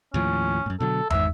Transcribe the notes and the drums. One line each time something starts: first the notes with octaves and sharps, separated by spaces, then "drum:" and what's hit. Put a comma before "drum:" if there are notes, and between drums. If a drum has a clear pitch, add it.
D#2 A2 F3 C#4
F#2 A2
B2 D3 F#3 A4
G#1 G#2 E5, drum: tom E2